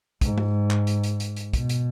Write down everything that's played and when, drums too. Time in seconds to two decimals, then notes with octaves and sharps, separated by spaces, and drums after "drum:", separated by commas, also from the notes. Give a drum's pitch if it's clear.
0.21 G#2, drum: kick, hi-hat
0.38 drum: tom G#3
0.71 drum: clap
0.87 drum: hi-hat
1.04 drum: hi-hat
1.20 drum: hi-hat
1.36 drum: hi-hat
1.53 B2, drum: kick, hi-hat
1.69 drum: hi-hat